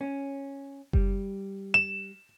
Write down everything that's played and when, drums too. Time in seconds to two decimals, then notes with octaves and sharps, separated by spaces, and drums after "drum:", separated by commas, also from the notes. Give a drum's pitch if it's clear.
0.01 C#4
0.93 G3, drum: kick F#1
1.74 E7